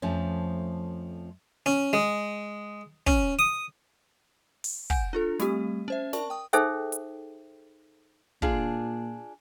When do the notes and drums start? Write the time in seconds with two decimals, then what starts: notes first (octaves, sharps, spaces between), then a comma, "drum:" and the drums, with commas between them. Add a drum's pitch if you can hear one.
0.02 F2 F3 A3 C#4
1.66 C#4
1.93 G#3
3.07 C#4, drum: kick
3.39 D#6
4.64 drum: open hi-hat
4.90 F#5 G#5 G6 D7, drum: kick
5.13 D4 F4 A4
5.40 G3 A3 C4 G4, drum: snare
5.88 C#4 C5 E5
6.13 A#4 D5 A5 C#6, drum: snare
6.30 G5 D#6
6.53 D#4 G#4 A4 C5 E5 G5, drum: hi-hat
6.92 drum: hi-hat
8.42 A#2 D4 F4 G#4, drum: kick